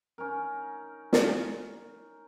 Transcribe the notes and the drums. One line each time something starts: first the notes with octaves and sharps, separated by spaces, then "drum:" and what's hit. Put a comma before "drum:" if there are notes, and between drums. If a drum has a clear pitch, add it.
C#4 D#4 A#4
drum: snare